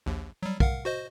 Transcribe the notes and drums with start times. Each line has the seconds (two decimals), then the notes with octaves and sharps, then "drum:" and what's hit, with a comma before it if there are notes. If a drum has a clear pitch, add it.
0.06 A#1 D#2
0.43 F#3 G3
0.60 A#4 F5 F#5, drum: kick
0.85 F#4 C5 D#5